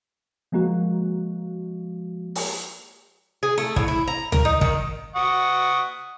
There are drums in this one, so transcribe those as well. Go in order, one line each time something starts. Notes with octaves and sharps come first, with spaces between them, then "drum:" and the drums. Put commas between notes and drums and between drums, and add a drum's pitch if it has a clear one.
F3 G#3 A#3 F#4
drum: open hi-hat
G#4
A3
A2, drum: kick
E4
A#5
A#4, drum: tom C#2
D#4
D#3, drum: kick
F#5 C#6 D#6